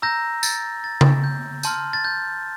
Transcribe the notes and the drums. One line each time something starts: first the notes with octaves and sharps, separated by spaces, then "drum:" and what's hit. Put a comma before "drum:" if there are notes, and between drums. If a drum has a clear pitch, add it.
A#5 E6 G6 A#6
A6, drum: tambourine
A6
drum: tom C#3
G6
A5 C6 F6 G6, drum: tambourine
A6
G6